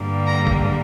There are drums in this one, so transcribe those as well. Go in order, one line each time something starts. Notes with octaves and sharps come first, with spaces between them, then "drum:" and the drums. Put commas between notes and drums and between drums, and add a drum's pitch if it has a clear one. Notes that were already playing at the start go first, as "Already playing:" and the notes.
Already playing: G2 D3 G3 A#3
A#5
drum: kick A1